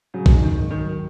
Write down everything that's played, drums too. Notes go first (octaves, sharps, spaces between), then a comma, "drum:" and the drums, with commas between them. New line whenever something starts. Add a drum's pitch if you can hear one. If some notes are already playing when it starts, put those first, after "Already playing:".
C#3 F#3
drum: kick
D#4
D#3
G#2
D#3
F#3